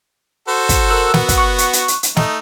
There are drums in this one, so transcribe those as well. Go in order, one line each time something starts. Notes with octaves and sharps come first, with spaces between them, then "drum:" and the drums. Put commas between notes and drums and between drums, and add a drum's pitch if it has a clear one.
F#4 A4 C5
drum: kick, hi-hat
A#4 E6 F#6
B3 F#4, drum: snare
drum: kick, hi-hat
C#6 F#6
drum: hi-hat
drum: hi-hat
drum: hi-hat
drum: hi-hat
A3 D#4 D#5, drum: snare